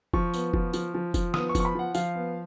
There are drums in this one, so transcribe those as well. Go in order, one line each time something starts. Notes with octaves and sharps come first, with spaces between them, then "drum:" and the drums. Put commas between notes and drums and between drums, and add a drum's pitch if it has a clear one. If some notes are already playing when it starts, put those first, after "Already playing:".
F3 C#6, drum: kick F1
B3, drum: tambourine
F3, drum: kick F1
F3, drum: tambourine
F3
F3, drum: kick F1, tambourine
B3 D#6, drum: snare
C#6
F3, drum: kick F1, tambourine
C#6
B5
F3 F#5
F3 F5, drum: tambourine
B3